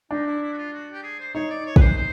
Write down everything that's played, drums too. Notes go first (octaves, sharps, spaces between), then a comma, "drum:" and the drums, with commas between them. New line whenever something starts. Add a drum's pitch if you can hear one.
D4 D#4
E4
E4
F#4
F4
F#4
G4
G#4
C5
D#4 C#5
D5
C#5
B4, drum: kick
C5
C5